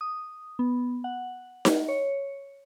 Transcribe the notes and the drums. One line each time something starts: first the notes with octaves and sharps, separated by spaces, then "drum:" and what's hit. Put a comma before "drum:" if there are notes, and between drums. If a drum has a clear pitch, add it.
D#6
B3
F#5
drum: snare D#4
C#5